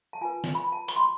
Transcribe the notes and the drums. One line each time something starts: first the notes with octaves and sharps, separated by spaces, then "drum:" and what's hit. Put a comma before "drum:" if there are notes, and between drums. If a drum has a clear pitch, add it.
A5
F4 B4 G#5
drum: snare
B5
A5
B5, drum: hi-hat
C6